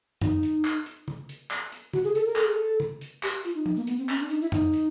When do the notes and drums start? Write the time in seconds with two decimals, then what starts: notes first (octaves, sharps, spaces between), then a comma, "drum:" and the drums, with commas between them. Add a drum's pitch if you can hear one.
0.22 D#4, drum: tom F2
0.43 drum: hi-hat
0.65 drum: clap
0.86 drum: hi-hat
1.08 drum: tom
1.29 drum: hi-hat
1.51 drum: clap
1.72 drum: hi-hat
1.93 F#4, drum: tom
2.04 G#4
2.15 A4, drum: hi-hat
2.26 A#4
2.36 A4, drum: clap
2.45 G#4
2.54 A4
2.80 drum: tom
3.01 drum: hi-hat
3.23 G4, drum: clap
3.45 F4, drum: hi-hat
3.55 D#4
3.66 D#4, drum: tom F3
3.77 A#3
3.87 B3, drum: hi-hat
3.98 C4
4.09 C#4, drum: clap
4.20 D4
4.30 D#4, drum: hi-hat
4.41 E4
4.52 D#4, drum: tom F2
4.74 drum: hi-hat